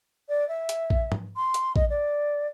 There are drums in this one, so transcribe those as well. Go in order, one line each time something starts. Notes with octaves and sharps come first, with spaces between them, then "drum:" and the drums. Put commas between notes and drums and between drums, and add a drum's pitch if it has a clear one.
D5
E5
drum: hi-hat
drum: kick A#1
drum: tom
C6
drum: hi-hat
D#5, drum: kick A#1
D5